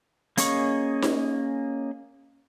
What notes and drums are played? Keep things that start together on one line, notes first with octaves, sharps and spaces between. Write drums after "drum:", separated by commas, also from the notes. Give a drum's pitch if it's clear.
A#3 C#4 G#4 D#5 C#6, drum: hi-hat
drum: snare D#4